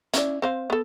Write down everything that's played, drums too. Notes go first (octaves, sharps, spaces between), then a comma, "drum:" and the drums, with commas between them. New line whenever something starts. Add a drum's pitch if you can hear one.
C#4 E4 D5, drum: hi-hat
C4 C5 F5
B3 A4